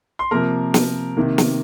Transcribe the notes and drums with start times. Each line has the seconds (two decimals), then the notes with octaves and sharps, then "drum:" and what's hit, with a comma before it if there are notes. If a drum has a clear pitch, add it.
0.19 C6
0.31 C3 F3 A#3 A#4 A#5
0.74 drum: snare
1.17 C3 D#3 A#3
1.38 drum: snare